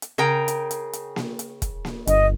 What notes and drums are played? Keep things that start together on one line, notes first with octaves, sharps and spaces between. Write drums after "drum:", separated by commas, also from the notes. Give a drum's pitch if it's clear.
drum: hi-hat
C#3 A#4 G5
drum: hi-hat
drum: hi-hat
drum: hi-hat
drum: snare A#3
drum: hi-hat
drum: kick, hi-hat
drum: snare A#3
G1 D#5, drum: hi-hat